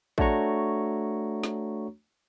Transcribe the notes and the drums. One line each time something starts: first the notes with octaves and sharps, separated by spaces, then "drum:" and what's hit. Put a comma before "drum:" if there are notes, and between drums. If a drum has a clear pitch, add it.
A3 D4 F#4 C#5 A#5 C#6, drum: kick
drum: snare